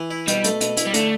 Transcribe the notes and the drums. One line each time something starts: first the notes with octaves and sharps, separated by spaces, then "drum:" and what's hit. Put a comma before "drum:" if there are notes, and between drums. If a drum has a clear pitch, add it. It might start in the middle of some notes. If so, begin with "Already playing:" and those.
Already playing: E3
E4
B2 G3, drum: hi-hat
A3, drum: hi-hat
B2, drum: hi-hat
E4, drum: hi-hat
G3
D3 A3, drum: hi-hat